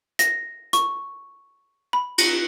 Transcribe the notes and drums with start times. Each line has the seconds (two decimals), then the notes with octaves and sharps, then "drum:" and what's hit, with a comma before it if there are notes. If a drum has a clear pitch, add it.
0.19 A#6, drum: hi-hat
0.73 C#6, drum: hi-hat
1.93 B5
2.18 drum: cymbal